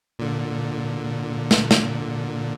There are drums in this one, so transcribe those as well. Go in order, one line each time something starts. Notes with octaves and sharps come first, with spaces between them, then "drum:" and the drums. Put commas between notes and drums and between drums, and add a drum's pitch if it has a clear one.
A#2 D3
drum: snare
drum: snare